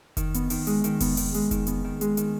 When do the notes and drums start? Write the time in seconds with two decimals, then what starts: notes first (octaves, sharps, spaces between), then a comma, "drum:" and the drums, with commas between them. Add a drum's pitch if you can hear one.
0.17 D#3, drum: kick F1, hi-hat
0.34 B3, drum: hi-hat
0.50 D#3, drum: open hi-hat
0.67 G#3, drum: hi-hat
0.84 D#3, drum: hi-hat
1.00 B3, drum: kick F1, open hi-hat
1.17 D#3, drum: open hi-hat
1.34 G#3, drum: hi-hat
1.51 D#3, drum: kick F1, hi-hat
1.67 B3, drum: hi-hat
1.84 D#3
2.01 G#3, drum: hi-hat
2.17 D#3, drum: hi-hat